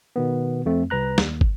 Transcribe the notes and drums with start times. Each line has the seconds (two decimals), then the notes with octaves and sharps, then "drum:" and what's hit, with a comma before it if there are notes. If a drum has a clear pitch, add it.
0.16 B2 D#3 B3
0.66 F2 A3 C4
0.90 C2 B4 A#5 F#6
1.18 D#2, drum: snare
1.41 drum: kick